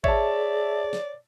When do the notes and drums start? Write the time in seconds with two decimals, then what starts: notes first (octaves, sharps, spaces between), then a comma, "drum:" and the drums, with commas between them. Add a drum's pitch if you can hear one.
0.04 G#4 C#5 D5 E5 A5, drum: kick G#1
0.93 drum: snare